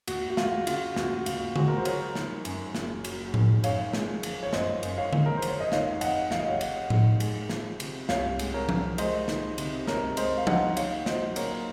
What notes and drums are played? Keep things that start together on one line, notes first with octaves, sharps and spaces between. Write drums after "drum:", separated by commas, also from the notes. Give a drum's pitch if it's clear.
D#2 F#4, drum: cymbal
F#4
G#3 F4, drum: snare
C#3 F4, drum: cymbal
D#2 F#4, drum: snare
D#2 F4, drum: cymbal
G#3 F#4, drum: tom D3
A#4
C5
F#3 A#4 C#5, drum: cymbal
D#3, drum: snare
F#2, drum: cymbal
F#1, drum: snare
F#3, drum: cymbal
D#3, drum: tom A2
F#2 C#5 F5, drum: cymbal
G#3, drum: snare
F3, drum: cymbal
C#5
F#2 C5 D#5, drum: snare
F#2, drum: cymbal
C#5 F5
G#3, drum: tom D3
A#4
C5
F1, drum: cymbal
C#5
D#5
D#3 C#5 F5, drum: snare
F5
F2 D#5 F#5, drum: cymbal
F1 F5, drum: snare
D#5
C#5 F5
F1, drum: cymbal
D#3, drum: tom A2
G#3, drum: cymbal
F3, drum: snare
C3, drum: cymbal
C2 C#5 F5, drum: snare
G#3, drum: cymbal
A#4 C#5
F3, drum: tom F3
G#3 C5 D#5, drum: cymbal
D#3, drum: snare
C3, drum: cymbal
C#2 A#4 C#5, drum: snare
G#3 C5 D#5, drum: cymbal
F5
D#3 D#5 F#5, drum: tom F3
A#3 C#5 F5, drum: cymbal
F#3 C5 D#5, drum: snare
A#2 A#4 C#5, drum: cymbal